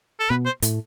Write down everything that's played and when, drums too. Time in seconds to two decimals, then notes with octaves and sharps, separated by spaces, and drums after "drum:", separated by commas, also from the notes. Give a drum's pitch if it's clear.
0.20 A4
0.30 B2 B3 B4
0.46 C5
0.62 A2 A3, drum: hi-hat